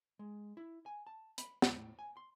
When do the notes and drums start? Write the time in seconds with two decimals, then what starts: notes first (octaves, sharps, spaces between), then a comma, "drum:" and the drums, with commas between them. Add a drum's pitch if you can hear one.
0.19 G#3
0.57 E4
0.86 G#5
1.07 A5
1.38 B5, drum: hi-hat
1.62 C#2, drum: snare
1.76 A2
1.99 G#5
2.17 C6